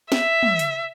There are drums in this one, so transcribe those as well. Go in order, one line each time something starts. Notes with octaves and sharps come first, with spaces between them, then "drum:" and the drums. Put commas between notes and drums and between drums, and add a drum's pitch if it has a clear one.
E5, drum: snare
drum: tom
drum: hi-hat